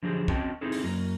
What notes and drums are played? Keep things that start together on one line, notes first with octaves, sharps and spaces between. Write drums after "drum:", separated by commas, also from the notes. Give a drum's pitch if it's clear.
D3 F3 F#3 G4 G#4 C5
C4 C#4 F#4 D#5 G5 A5, drum: kick
C4 D#4 E4 G#4 A4
drum: open hi-hat
F#2 F#3 A#3